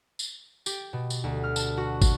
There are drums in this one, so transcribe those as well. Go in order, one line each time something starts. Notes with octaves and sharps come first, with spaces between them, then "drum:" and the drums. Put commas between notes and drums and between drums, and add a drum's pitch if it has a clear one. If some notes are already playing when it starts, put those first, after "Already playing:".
drum: tambourine
G4, drum: tambourine
B2
drum: tambourine
D2
F6
A5, drum: tambourine
F#4
drum: kick, tambourine